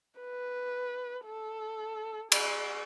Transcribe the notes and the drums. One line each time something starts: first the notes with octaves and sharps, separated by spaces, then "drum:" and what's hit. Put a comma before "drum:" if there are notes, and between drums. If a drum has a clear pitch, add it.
B4
A4
G#4, drum: cymbal